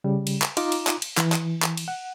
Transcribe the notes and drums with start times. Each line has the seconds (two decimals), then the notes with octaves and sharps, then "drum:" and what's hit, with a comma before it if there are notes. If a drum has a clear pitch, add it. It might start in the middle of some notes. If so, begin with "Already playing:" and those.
0.04 C#3 G3
0.27 drum: cymbal
0.42 drum: clap
0.57 D#4 F4 A#5 D6, drum: cymbal
0.72 drum: cymbal
0.87 drum: clap
1.02 drum: cymbal
1.17 E3, drum: clap
1.32 drum: clap
1.62 drum: clap
1.77 drum: cymbal
1.88 F#5